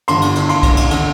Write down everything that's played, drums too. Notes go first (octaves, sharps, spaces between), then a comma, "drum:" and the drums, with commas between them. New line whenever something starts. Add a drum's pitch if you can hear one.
G1 G2 D3 C6, drum: cymbal
drum: cymbal
drum: cymbal
C6, drum: cymbal
drum: kick, cymbal
drum: cymbal
D3, drum: cymbal